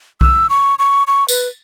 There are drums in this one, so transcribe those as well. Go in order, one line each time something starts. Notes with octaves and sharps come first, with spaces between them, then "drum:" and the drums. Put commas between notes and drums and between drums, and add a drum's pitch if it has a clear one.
E6, drum: kick B1
C#6
C#6
C#6
B4, drum: tambourine